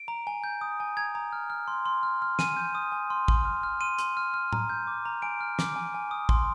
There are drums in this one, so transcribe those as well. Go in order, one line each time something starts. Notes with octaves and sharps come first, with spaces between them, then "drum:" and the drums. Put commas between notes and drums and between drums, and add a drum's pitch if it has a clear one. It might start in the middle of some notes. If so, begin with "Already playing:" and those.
Already playing: D7
A#5
G#5
G6
D#6
G#5
A#5 G#6
A#5
F6
F6
C6
C6
F6
F6
G#5 D#7, drum: snare
G6
D#6
G#5
C6
C6, drum: kick
F6
F6
C6 D#7
C6, drum: hi-hat
F6
F6
A#5, drum: tom A2
G6
D6
A#5
G#5 D7
F6
D6, drum: snare
G#5
G#5
D#6
C6, drum: kick